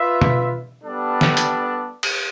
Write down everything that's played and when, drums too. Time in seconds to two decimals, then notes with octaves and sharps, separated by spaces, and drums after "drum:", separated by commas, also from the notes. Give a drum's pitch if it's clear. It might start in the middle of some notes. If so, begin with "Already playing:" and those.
Already playing: F4 B4 E5
0.21 drum: tom B2
0.81 G3 B3 D4 A4 D5
1.21 drum: snare
1.37 drum: hi-hat
2.03 drum: cymbal